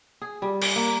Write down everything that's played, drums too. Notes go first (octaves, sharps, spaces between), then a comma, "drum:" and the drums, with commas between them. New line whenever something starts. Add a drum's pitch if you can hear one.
G#4
G3
D5, drum: cymbal
A#3